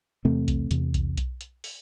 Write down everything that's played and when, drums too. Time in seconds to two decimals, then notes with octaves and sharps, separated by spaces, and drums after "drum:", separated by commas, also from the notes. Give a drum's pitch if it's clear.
0.25 E2 C3 A3 C4
0.48 drum: kick B1, hi-hat
0.71 E2 C3, drum: hi-hat
0.94 drum: kick B1, hi-hat
1.17 drum: kick B1, hi-hat
1.41 drum: hi-hat
1.64 drum: open hi-hat